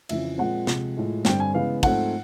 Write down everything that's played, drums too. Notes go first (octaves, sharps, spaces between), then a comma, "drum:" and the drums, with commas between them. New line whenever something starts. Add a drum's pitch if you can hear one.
F2 C#3 E3 E5, drum: cymbal
A#2 F3 G#3 C4 F#5
C3 F3 G#3, drum: snare
A2 F3 G#3
G2 D3 G3 C4 G5, drum: snare
G#5
C#3 E3 G#3 B3 F5
G#2 F3 A3 C4 F#5, drum: kick, cymbal